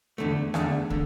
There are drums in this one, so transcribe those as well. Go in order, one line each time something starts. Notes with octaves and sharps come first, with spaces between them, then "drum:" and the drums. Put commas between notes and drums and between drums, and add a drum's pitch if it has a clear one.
E2 D3 A3
E2 D3 A3, drum: rim click
D3, drum: kick